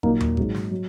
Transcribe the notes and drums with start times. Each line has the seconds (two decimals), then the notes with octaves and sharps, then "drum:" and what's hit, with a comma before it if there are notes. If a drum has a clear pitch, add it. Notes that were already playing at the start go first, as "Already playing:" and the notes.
0.03 A#2 F#3 A#3 D#4, drum: kick G#1
0.20 drum: tom D#2
0.37 G#2 F#3, drum: kick G#1
0.54 drum: snare
0.71 F#3